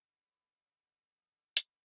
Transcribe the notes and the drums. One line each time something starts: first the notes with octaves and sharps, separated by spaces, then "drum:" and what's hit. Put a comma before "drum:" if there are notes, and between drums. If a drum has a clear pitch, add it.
G#2
A2
B2
C#3
D3
F3
D3
B2, drum: hi-hat
A2